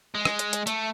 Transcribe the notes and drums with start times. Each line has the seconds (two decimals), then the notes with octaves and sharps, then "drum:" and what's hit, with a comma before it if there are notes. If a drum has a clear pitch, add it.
0.15 G#3
0.25 drum: rim click
0.39 drum: hi-hat
0.53 drum: hi-hat
0.67 A3, drum: hi-hat